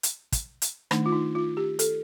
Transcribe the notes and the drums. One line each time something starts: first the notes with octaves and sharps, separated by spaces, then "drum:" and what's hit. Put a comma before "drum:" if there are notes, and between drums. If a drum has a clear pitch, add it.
drum: hi-hat
drum: kick, hi-hat
drum: hi-hat
D#3 A3 D4 D#4, drum: rim click
F4
D#4
F4
G4
A4, drum: hi-hat